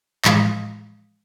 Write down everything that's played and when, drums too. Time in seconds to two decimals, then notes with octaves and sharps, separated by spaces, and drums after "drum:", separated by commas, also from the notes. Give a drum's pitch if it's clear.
0.25 A2 E3 F3 G#3 F5 D#6, drum: clap